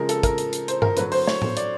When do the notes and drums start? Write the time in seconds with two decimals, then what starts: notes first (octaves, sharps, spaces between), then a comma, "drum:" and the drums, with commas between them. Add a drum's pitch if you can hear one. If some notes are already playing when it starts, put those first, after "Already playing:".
Already playing: C#3 F3 G#3 A#4
0.09 A4, drum: hi-hat
0.23 A#4, drum: kick, hi-hat
0.38 drum: hi-hat
0.53 drum: hi-hat
0.68 C5, drum: hi-hat
0.82 A#4, drum: tom G2
0.97 D3 F#3 B4, drum: hi-hat
1.12 C5, drum: open hi-hat
1.27 C#5, drum: snare
1.42 drum: tom A2
1.57 D5, drum: hi-hat